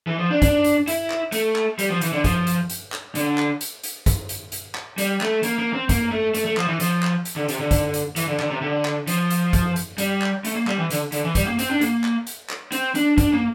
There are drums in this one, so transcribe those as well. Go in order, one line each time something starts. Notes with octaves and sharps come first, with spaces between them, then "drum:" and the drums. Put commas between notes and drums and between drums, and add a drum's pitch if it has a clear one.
E3
F3
D4
D4, drum: kick, hi-hat
drum: hi-hat
E4, drum: hi-hat
drum: clap
A3, drum: hi-hat
drum: clap
G3, drum: hi-hat
F3
E3, drum: hi-hat
D3
F3, drum: kick, hi-hat
drum: hi-hat
drum: hi-hat
drum: clap
D3, drum: hi-hat
drum: clap
drum: hi-hat
drum: hi-hat
drum: kick, hi-hat
drum: hi-hat
drum: hi-hat
drum: clap
G3, drum: hi-hat
A3, drum: clap
A#3, drum: hi-hat
A#3
C4
A#3, drum: kick, hi-hat
A3
A3, drum: hi-hat
A3
F3, drum: clap
E3
F3, drum: hi-hat
drum: clap
drum: hi-hat
D3
C3, drum: hi-hat
D3
drum: kick, hi-hat
drum: hi-hat
E3, drum: hi-hat
D3
D3, drum: clap
C3
D3
drum: clap
F3, drum: hi-hat
drum: hi-hat
drum: kick, hi-hat
drum: hi-hat
G3, drum: hi-hat
drum: clap
A3, drum: hi-hat
A#3
G3, drum: clap
E3
D3, drum: hi-hat
D3, drum: hi-hat
E3
G3, drum: kick, hi-hat
A#3
C4, drum: hi-hat
D4
A#3, drum: hi-hat
drum: clap
drum: hi-hat
drum: clap
C4, drum: hi-hat
D4, drum: hi-hat
D4, drum: kick, hi-hat
A#3